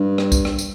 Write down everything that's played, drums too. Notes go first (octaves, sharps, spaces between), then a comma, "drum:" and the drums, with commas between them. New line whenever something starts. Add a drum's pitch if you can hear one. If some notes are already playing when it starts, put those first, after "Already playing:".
Already playing: G2
drum: rim click
drum: kick C2, tambourine
drum: rim click
drum: tambourine